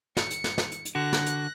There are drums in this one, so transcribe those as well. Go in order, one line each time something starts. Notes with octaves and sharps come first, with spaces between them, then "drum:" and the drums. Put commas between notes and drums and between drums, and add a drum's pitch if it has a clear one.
C#7, drum: snare
drum: hi-hat
drum: snare
drum: snare
drum: hi-hat
drum: hi-hat
D3 F#4 F#6 A#6
drum: snare
drum: hi-hat